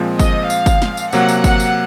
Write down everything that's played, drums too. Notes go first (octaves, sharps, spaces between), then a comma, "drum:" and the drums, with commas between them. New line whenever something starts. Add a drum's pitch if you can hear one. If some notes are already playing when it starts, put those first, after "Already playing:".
Already playing: A#2 F3 G#3 C4
D#5, drum: kick, tambourine
F5, drum: tambourine
drum: kick, tambourine
drum: snare
drum: tambourine
C3 F#3 A#3 F#5, drum: tambourine
drum: tambourine
F#5, drum: kick, tambourine
drum: tambourine